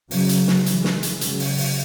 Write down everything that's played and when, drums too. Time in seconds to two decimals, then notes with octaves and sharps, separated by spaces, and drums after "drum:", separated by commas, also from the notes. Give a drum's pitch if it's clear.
0.11 C#3 F#3, drum: open hi-hat
0.29 drum: hi-hat
0.48 drum: snare
0.66 E3 G#3, drum: hi-hat
0.84 drum: snare
1.03 drum: hi-hat
1.21 C#3 F#3, drum: hi-hat
1.40 drum: open hi-hat
1.58 drum: open hi-hat